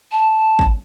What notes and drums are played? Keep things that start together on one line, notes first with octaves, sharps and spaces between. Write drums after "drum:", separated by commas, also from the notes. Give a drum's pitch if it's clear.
A5
drum: kick